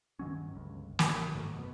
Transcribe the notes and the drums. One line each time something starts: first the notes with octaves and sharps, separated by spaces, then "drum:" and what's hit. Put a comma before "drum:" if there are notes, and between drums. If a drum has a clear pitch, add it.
G2 D#3 F#3 C#4
G1 C#2
A1, drum: snare
G#2 D#3 F#3 A3
F#2 B2 B3